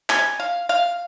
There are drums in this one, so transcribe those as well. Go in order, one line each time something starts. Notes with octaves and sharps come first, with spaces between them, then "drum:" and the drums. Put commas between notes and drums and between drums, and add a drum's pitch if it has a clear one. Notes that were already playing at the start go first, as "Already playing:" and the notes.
G#5, drum: clap
F5
F5